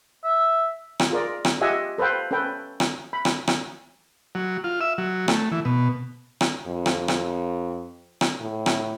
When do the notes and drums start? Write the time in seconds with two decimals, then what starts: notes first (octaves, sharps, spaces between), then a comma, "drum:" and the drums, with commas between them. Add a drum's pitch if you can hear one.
0.24 E5
0.99 drum: rim click
1.10 F4 G#4 A#4 D5
1.45 drum: rim click
1.61 F4 G4 D#5 E5 F#5 G#5
1.98 A4 B4 C5 F5 G5
2.31 C#4 A4 B4 G5
2.80 drum: rim click
3.13 B5
3.25 drum: rim click
3.47 drum: rim click
4.35 F#3
4.64 F4
4.81 E5
4.98 F#3
5.28 A3, drum: rim click
5.52 E3
5.65 B2
6.41 drum: rim click
6.67 F2
6.86 drum: rim click
7.08 drum: rim click
8.21 drum: rim click
8.40 A2
8.66 drum: rim click